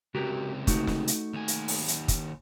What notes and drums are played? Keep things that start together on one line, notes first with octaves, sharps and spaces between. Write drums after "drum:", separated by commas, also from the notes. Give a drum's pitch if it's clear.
C#2 C3 F#4 G4 A#4
A3 D#4 F#4, drum: kick, hi-hat
drum: snare
drum: hi-hat
D#2 G#5
drum: hi-hat
drum: open hi-hat
drum: hi-hat
drum: kick, hi-hat